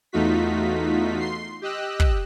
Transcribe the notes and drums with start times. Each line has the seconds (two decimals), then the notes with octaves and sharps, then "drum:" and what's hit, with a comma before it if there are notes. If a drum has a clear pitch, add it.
0.12 E2 A3 D#4 F4 F#4 B6
1.19 C6 C7
1.62 G4 D#5 E6 F#6
2.00 drum: kick